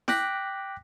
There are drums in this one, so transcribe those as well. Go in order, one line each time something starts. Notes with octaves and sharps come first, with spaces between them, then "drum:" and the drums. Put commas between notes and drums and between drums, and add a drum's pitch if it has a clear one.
G5 D6 F#6 A#6 B6, drum: snare E4